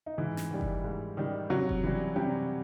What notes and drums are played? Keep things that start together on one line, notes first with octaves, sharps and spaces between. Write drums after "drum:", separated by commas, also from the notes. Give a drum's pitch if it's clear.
D#4
G#2 E3 E4
drum: snare
D#3 G3
drum: kick F#1
G#2
D#3 G3
C3 F#3 F#4
drum: kick F#1
E3 G3
C3 G3 G4